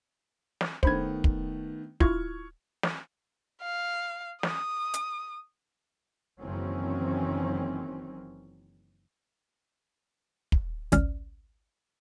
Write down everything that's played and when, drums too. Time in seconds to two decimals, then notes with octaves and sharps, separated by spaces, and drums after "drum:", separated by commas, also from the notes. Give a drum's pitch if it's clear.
0.61 drum: snare
0.83 D#3 A3 B3 C5 B5 G#6, drum: kick
1.24 drum: kick
2.00 E4 F4 C#6 F6 G#6, drum: kick
2.83 drum: snare
3.62 F5
4.43 D#6, drum: snare
4.94 drum: hi-hat
6.40 F#1 D#3 E3 F#3 C4 C#4
10.52 drum: kick
10.92 G#1 C#2 C#4 D5 F6, drum: hi-hat